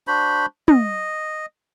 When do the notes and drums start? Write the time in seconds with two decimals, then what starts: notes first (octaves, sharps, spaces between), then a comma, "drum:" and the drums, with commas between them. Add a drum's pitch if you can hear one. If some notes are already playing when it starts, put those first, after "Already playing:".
0.07 D4 F#4 C5 B5
0.68 D#5, drum: tom